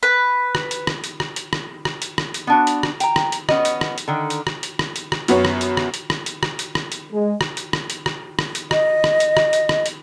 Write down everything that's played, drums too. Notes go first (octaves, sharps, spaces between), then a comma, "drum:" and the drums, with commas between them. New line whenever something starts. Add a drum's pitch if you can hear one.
B4
drum: rim click
drum: hi-hat
drum: rim click
drum: hi-hat
drum: rim click
drum: hi-hat
drum: rim click
drum: rim click
drum: hi-hat
drum: rim click
drum: hi-hat
B3 D4 F#4
drum: hi-hat
drum: rim click
G5 A#5, drum: hi-hat
drum: rim click
drum: hi-hat
B3 C#4 D#5, drum: rim click
drum: hi-hat
drum: rim click
drum: hi-hat
D3 D#3
drum: hi-hat
drum: rim click
drum: hi-hat
drum: rim click
drum: hi-hat
drum: rim click
F#2 B3 F#4 C#5, drum: hi-hat
drum: rim click
drum: hi-hat
drum: rim click
drum: hi-hat
drum: rim click
drum: hi-hat
drum: rim click
drum: hi-hat
drum: rim click
drum: hi-hat
G#3
drum: rim click
drum: hi-hat
drum: rim click
drum: hi-hat
drum: rim click
drum: rim click
drum: hi-hat
D#5, drum: rim click
drum: rim click
drum: hi-hat
drum: rim click
drum: hi-hat
drum: rim click
drum: hi-hat